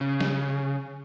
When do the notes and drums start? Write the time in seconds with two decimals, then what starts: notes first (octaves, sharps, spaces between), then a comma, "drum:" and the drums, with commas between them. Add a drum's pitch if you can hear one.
0.01 C#3
0.21 drum: snare